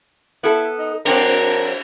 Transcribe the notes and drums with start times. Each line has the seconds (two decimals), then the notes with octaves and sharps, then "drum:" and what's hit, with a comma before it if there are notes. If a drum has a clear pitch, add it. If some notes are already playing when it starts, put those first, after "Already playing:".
0.43 B3 E4 A4
0.79 D#4
1.05 F#3 C4 D4 A#4, drum: cymbal